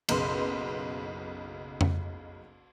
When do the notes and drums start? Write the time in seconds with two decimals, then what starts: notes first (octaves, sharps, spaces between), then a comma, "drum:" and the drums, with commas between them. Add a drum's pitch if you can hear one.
0.09 F#1 B1 C#3 B4 C6, drum: cymbal
1.81 drum: tom F2